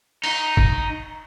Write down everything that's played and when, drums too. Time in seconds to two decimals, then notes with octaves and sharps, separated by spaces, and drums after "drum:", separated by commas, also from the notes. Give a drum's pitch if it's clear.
0.24 D#4, drum: cymbal
0.57 drum: kick